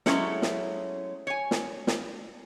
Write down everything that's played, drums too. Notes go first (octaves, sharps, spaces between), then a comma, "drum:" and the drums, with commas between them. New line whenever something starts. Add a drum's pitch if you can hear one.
F#3 G#3 A3 C#4 E4, drum: snare
drum: snare
C#5 G#5
drum: snare
drum: snare